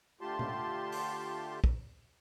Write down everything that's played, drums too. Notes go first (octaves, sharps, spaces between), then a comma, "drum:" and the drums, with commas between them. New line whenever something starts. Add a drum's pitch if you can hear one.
D3 A3 F4 G4 A5 C6
drum: tom B2
drum: open hi-hat
drum: kick